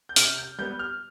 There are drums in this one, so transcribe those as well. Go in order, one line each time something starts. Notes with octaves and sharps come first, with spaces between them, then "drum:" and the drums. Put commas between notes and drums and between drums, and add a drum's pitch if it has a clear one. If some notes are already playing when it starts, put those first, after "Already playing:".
G6
C3 F6, drum: hi-hat
G6
G3 B3 G6
F6